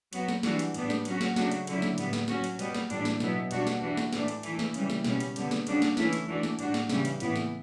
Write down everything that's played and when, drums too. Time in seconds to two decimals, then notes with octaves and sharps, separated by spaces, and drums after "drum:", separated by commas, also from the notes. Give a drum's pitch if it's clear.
0.13 F#3 B3 F#4, drum: hi-hat
0.29 drum: snare
0.43 E3 G3 D4 F#4, drum: snare
0.59 drum: hi-hat
0.74 A2 G3 B3 D4, drum: hi-hat
0.90 drum: snare
1.05 F#3 C#4 F#4, drum: hi-hat
1.21 drum: snare
1.36 C#3 F#3 A3 D4 F#4, drum: snare
1.52 drum: hi-hat
1.67 D3 F#3 C#4 E4, drum: hi-hat
1.82 drum: snare
1.98 A2 G3 B3, drum: hi-hat
2.13 drum: snare
2.28 F#3 C#4 F#4, drum: snare
2.44 drum: hi-hat
2.59 B2 G3 B3, drum: hi-hat
2.74 drum: snare
2.90 A2 E3 G3 D4, drum: hi-hat
3.05 drum: snare
3.20 B2 F#3 B3 E4, drum: snare
3.51 B2 G3 D4 F#4, drum: hi-hat
3.67 drum: snare
3.82 E3 G3 D4 F#4
3.97 drum: snare
4.13 A2 E3 A3 D4, drum: snare
4.28 drum: hi-hat
4.43 E3 A3 E4, drum: hi-hat
4.59 drum: snare
4.74 C#3 E3 G3, drum: hi-hat
4.90 drum: snare
5.04 B2 G3 C#4, drum: snare
5.20 drum: hi-hat
5.36 D3 G3 B3, drum: hi-hat
5.51 drum: snare
5.67 C#3 G3 D4 F#4, drum: hi-hat
5.82 drum: snare
5.97 E3 A3 C#4 E4, drum: snare
6.13 drum: hi-hat
6.28 E3 A3 D4 F#4
6.43 drum: snare
6.59 A2 G3 D4 F#4, drum: hi-hat
6.74 drum: snare
6.89 C#3 E3 G3 C#4, drum: snare
7.05 drum: hi-hat
7.20 A2 E3 B3 E4, drum: hi-hat
7.36 drum: snare